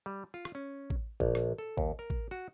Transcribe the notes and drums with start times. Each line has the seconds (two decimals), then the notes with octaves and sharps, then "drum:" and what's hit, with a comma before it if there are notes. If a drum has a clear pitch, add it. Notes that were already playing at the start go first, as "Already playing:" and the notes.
0.06 G3
0.34 F4
0.45 drum: rim click
0.55 C#4
0.90 drum: kick A1
1.20 A#1, drum: kick A1
1.35 drum: rim click
1.58 A4
1.77 D#2, drum: kick A1
1.99 A#4
2.10 drum: kick A1
2.31 F#4